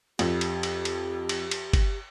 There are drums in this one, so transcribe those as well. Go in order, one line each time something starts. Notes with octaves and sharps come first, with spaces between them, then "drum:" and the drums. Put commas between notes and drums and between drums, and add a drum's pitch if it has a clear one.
F2 G4, drum: cymbal
drum: cymbal
drum: cymbal
drum: cymbal
drum: cymbal
drum: cymbal
drum: kick G1, cymbal